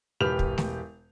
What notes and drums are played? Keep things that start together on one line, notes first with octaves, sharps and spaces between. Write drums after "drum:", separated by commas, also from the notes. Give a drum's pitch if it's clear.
E1 G4 B4 F6 F7
drum: kick
drum: snare A3